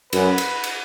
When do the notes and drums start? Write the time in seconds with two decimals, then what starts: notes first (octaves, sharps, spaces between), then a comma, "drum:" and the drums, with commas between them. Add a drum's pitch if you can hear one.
0.13 F#2 B4, drum: cymbal
0.38 drum: cymbal
0.64 drum: cymbal